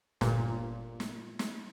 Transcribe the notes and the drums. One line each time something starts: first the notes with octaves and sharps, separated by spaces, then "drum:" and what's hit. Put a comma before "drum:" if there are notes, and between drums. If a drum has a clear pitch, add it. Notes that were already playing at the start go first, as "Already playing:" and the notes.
G1 A#2, drum: snare
drum: snare
drum: snare